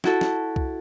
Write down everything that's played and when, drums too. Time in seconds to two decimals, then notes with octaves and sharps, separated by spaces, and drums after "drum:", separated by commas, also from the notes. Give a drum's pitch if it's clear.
0.04 E4 F#4 A4, drum: snare
0.21 drum: snare
0.56 drum: kick C2